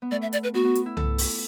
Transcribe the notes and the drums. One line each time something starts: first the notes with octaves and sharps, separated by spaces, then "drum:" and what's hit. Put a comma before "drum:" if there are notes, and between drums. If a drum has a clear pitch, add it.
B3
A3 D5
E5
D5, drum: hi-hat
B4
B3 F#4
B3
drum: hi-hat
E4
A4, drum: tom C2
drum: open hi-hat